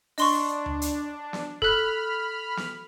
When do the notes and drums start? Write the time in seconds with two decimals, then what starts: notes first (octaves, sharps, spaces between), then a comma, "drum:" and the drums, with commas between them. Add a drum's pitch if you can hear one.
0.18 D4 D#5 C6 C#6, drum: open hi-hat
0.66 drum: tom D2
0.82 drum: hi-hat
1.33 drum: snare
1.62 A4 B5 F6 F#6, drum: kick
2.57 drum: snare